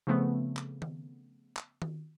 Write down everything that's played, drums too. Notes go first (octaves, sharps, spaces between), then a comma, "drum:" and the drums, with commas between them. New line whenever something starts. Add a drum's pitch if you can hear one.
C#3 F3 A3 B3 C4
drum: clap
drum: tom D#3
drum: clap
drum: tom D#3